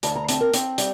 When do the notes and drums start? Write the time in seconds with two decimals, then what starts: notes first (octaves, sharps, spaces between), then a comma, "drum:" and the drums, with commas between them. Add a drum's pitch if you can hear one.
0.03 D2 A5, drum: hi-hat
0.16 A#5
0.29 C4 A5, drum: hi-hat
0.41 A#4
0.54 C4, drum: hi-hat
0.78 G3, drum: hi-hat